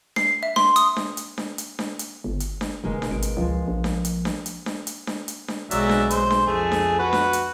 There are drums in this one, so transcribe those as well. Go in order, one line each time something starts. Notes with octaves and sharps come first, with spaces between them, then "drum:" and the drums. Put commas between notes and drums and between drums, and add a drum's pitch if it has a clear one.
C7, drum: snare D4
E5
C6, drum: snare D4
D#6, drum: hi-hat
drum: snare D4
drum: hi-hat
drum: snare D4
drum: hi-hat
drum: snare D4
drum: hi-hat
G1
drum: hi-hat
drum: snare D4
F1 B2 G#3 A#3
drum: snare D4
G#1 D7
drum: hi-hat
C#2 F3 G#3
A#1
drum: snare D4
drum: hi-hat
drum: snare D4
drum: hi-hat
drum: snare D4
drum: hi-hat
drum: snare D4
drum: hi-hat
drum: snare D4
B1 F#3 G#3 D5 E5, drum: hi-hat
drum: snare D4
C5, drum: hi-hat
drum: snare D4
F2 A3 G#4
drum: snare D4
F#4 B4
drum: snare D4
drum: hi-hat